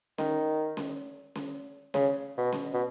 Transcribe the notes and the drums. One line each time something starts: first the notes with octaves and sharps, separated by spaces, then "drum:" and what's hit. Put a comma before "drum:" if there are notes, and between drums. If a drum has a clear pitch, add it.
D#3, drum: snare C#4
drum: snare C#4
drum: snare C#4
C#3, drum: snare C#4
B2
drum: snare C#4
B2